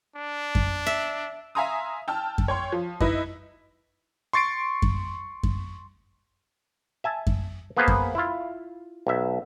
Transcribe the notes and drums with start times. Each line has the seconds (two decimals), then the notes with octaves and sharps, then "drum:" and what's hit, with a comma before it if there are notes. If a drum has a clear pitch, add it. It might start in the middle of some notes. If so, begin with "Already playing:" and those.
0.16 D4
0.55 drum: kick F#2
0.86 E5
1.55 E5 F5 G#5 A#5 C6 D#6
2.08 G5 A5 E6 F6
2.38 drum: kick F#2
2.48 C#5 G5 C6
2.72 F3
3.00 D#4 E4 B4 D#5, drum: kick F#2
4.33 C6 C#6 A6 C7 D7
4.82 drum: kick F#2
5.43 drum: kick F#2
7.04 E5 G#5 A5
7.27 drum: kick F#2
7.77 A#3 B3 G#4 B4 C5 F5
7.88 drum: kick F#2
8.15 E4 F4
9.07 B1 E5